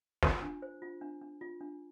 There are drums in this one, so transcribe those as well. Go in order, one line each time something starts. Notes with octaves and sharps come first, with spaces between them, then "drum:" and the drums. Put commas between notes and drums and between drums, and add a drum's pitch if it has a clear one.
F4, drum: snare
D4
C5
F4
D4
D4
F4
D4